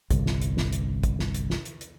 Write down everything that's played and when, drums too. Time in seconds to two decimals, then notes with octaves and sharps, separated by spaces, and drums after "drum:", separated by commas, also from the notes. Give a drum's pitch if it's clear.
0.11 G1 C2, drum: kick, hi-hat
0.26 drum: snare
0.42 drum: hi-hat
0.57 drum: snare
0.72 drum: hi-hat
1.03 drum: kick, hi-hat
1.19 drum: snare
1.34 drum: hi-hat
1.50 drum: snare
1.65 drum: hi-hat
1.81 drum: hi-hat